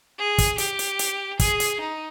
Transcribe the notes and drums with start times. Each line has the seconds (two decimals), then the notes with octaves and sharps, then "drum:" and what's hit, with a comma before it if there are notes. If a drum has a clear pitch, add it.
0.18 G#4
0.38 drum: kick, hi-hat
0.58 G4, drum: hi-hat
0.79 drum: hi-hat
0.99 drum: hi-hat
1.39 G#4, drum: kick, hi-hat
1.60 drum: hi-hat
1.80 D#4